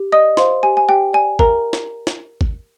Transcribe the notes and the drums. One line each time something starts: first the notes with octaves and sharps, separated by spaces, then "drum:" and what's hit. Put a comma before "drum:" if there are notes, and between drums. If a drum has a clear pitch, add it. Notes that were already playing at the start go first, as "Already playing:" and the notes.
Already playing: G4
D5 D#5 D#6
C5 F5 C6, drum: snare
G4 G#5
G#5
G4 G5
D5 G#5
A#4 F5 A#5, drum: kick
drum: snare
drum: snare
drum: kick